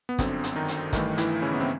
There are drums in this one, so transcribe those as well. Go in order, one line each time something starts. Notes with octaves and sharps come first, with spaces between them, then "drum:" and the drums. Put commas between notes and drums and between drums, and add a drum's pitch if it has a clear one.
B3
G1 F#2 D3 C4, drum: kick, hi-hat
drum: hi-hat
D#3 D#4
drum: hi-hat
G1 G2 D#3 E3 A3 D#4, drum: kick, hi-hat
E3 E4, drum: hi-hat
C#3 C#4
B3
C4